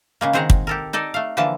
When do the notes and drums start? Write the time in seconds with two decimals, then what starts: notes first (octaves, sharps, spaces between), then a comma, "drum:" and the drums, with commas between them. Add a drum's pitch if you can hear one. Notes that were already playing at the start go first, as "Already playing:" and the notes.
0.21 C#3 G#3 A#3
0.33 D#3 C4 G#4 C5 F#5 A#5
0.50 drum: kick
0.67 G4 A4 A#4
0.93 D#4 A4 D5 D#5
1.14 A3 F5
1.37 D3 E3 F3 A#3 A5